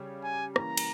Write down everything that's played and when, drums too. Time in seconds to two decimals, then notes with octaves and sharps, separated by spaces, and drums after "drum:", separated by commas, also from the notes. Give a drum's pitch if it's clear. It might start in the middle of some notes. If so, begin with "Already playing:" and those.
Already playing: C#3 G3 G4 C#5
0.23 G#5
0.56 E3 A#3 C#4 A#5, drum: rim click
0.77 drum: cymbal